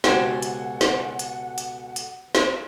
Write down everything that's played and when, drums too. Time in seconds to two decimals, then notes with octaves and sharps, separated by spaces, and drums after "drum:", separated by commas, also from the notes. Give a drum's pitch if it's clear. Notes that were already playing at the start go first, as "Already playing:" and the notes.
0.04 C#2 B2 F#4 G4 A4 C5 F#5 G#5, drum: snare
0.42 drum: hi-hat
0.81 drum: snare
1.19 drum: hi-hat
1.58 drum: hi-hat
1.96 drum: hi-hat
2.35 drum: snare